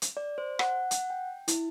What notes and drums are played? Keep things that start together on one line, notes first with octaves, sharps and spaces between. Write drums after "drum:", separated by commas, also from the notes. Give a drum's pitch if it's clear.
drum: hi-hat
D5
C5
F#5, drum: rim click
F#5, drum: hi-hat
G5
E4, drum: hi-hat